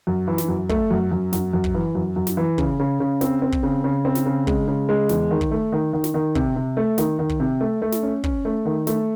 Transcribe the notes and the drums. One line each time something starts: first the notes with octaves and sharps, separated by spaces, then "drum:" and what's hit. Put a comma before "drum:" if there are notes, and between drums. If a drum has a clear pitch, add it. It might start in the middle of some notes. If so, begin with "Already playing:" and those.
F#2
E3
drum: snare
F#2
A3, drum: kick
F#2
F#2
F#2, drum: snare
F#2
drum: kick
E3
F#2
F#2
drum: snare
E3
C#3, drum: kick
C#3
C#3
C4, drum: snare
C4
drum: kick
C#3
C#3
C4
drum: snare
C#3
G#3, drum: kick
C#3
G#3
E2, drum: snare
D#3
drum: kick
A3
D#3
D#3
drum: snare
D#3
C3, drum: kick
C3
A3
D#3, drum: snare
D#3
drum: kick
C3
A3
A3
drum: snare
C#4
C#4, drum: kick
A3
D#3
A3, drum: snare